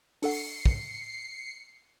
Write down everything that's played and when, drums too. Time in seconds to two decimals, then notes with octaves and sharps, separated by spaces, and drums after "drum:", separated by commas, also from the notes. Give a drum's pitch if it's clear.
0.22 D4 A4 F#5 C7 C#7, drum: open hi-hat
0.66 drum: kick